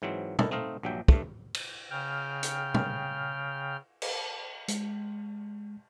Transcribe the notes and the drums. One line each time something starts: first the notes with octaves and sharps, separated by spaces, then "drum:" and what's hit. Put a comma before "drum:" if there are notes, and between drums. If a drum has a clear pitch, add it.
G#2 E3 F#3 C4
D#4 E4 A4 A#4, drum: tom
A3 C4 D#4 D#5 F5
A#1 G2 F#3 E5 G5
G2 A3, drum: kick
drum: cymbal
C#3 G5 F6
drum: hi-hat
drum: tom
drum: cymbal
G#3, drum: hi-hat